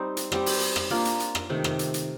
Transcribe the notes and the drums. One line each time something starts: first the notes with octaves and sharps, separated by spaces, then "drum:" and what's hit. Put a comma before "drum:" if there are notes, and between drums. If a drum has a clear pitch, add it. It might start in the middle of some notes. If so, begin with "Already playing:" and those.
Already playing: G3 C4 D#4
drum: hi-hat
G3 C4 G4, drum: rim click
drum: open hi-hat
drum: hi-hat
drum: rim click
A#3 D4 F4 A#4
drum: hi-hat
drum: hi-hat
drum: rim click
C3 D#3 A3
drum: rim click
drum: hi-hat
drum: hi-hat